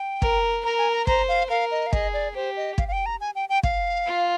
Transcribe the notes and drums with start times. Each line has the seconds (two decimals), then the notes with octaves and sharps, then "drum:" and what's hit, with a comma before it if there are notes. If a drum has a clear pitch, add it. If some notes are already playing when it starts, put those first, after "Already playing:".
Already playing: G5
0.22 A#4, drum: kick
0.64 A#4 A#5
0.78 G#5
0.93 A#5
1.07 C5 A#5, drum: kick
1.28 F5
1.50 A#4 F5
1.71 D#5
1.87 F5
1.93 G#4 D#5, drum: kick
2.13 D5
2.35 G4 C5
2.57 D#5
2.78 F5, drum: kick
2.88 F5
2.92 G5
3.06 A#5
3.21 G#5
3.35 G5
3.49 G5
3.63 F5, drum: kick
4.07 F4